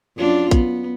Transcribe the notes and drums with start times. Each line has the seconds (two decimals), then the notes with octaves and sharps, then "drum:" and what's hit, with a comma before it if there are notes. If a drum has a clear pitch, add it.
0.17 F#2 D4 F4
0.51 B3, drum: kick A#1, hi-hat